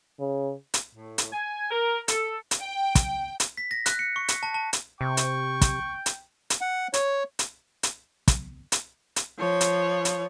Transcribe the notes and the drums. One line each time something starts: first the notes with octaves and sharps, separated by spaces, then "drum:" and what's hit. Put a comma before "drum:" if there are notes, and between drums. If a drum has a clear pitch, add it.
C#3
drum: hi-hat
A2
drum: hi-hat
G#5
A#4
A4, drum: hi-hat
drum: hi-hat
G5
drum: kick, hi-hat
drum: hi-hat
B6
A#6
F#6, drum: hi-hat
C#7
C#6
drum: hi-hat
A5
A5
drum: hi-hat
C3 G5 C#6
drum: hi-hat
drum: kick, hi-hat
drum: hi-hat
drum: hi-hat
F#5
C#5, drum: hi-hat
drum: hi-hat
drum: hi-hat
drum: kick, hi-hat
drum: hi-hat
drum: hi-hat
F3 C#5
drum: hi-hat
drum: hi-hat